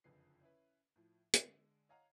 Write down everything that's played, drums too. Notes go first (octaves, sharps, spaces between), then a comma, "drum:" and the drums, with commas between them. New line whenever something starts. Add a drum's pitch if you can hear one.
F#1 F2 D3 F3 B4 C7
C#4 E4 B4
A2 F3
D3 G#3, drum: hi-hat
C#5 D#5 F5 F#5 A#5